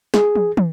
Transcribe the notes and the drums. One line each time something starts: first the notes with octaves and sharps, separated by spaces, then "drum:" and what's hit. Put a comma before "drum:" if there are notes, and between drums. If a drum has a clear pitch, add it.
G#4, drum: snare
drum: tom
drum: tom